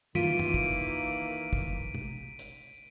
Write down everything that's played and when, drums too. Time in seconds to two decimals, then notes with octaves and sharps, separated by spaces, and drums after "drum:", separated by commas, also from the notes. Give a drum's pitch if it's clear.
0.15 D#3 E3 A#3 F4 B6 D7 D#7, drum: tom
0.39 drum: tom
0.54 drum: kick
1.53 drum: kick
1.94 drum: tom
2.39 drum: hi-hat